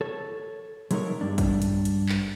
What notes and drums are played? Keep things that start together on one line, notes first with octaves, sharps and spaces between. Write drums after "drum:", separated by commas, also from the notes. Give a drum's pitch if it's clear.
A4 C#5
F#3 G#3 A3 D#4 A#4 C#5, drum: hi-hat
G2 D4
drum: kick, hi-hat
drum: hi-hat
drum: hi-hat
drum: clap